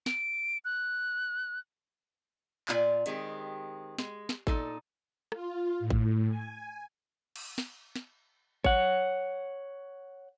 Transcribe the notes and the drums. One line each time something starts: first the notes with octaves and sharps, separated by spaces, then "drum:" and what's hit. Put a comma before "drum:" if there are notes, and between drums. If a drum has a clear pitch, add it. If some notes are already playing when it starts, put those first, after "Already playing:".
D7, drum: snare
F#6
A#2 F4 D5 G#5, drum: clap
D#3 G#3 C4 G4, drum: hi-hat
G#3, drum: snare
drum: snare
A#2 D#4 A4, drum: kick G#1
F4, drum: rim click
A2
drum: kick G#1
G#5
drum: cymbal
drum: snare
drum: snare
C#5 F#5, drum: kick G#1